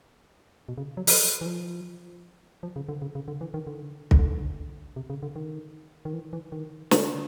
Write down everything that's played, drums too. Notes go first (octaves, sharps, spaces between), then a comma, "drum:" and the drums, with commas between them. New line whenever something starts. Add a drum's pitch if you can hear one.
B2
C#3
F#3
F3, drum: open hi-hat
E3
F3
F3
C#3
D3
C#3
C#3
D3
E3
D#3
D3
C#3, drum: kick
D3
C3
C#3
D3
D#3
D#3
E3
E3
D#3
D3, drum: snare